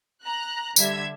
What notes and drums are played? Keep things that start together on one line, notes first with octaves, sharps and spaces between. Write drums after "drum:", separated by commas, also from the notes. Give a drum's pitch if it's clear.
A#5 F#6
D3 G3 E5 G#6, drum: tambourine